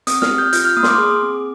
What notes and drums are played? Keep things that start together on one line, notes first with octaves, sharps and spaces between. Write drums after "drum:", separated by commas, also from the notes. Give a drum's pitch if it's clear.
C4 D#6, drum: hi-hat
F6, drum: snare
G4
G6
F4 G6, drum: hi-hat
F6
A#3 D#6
C6, drum: snare
D6
G#4
C4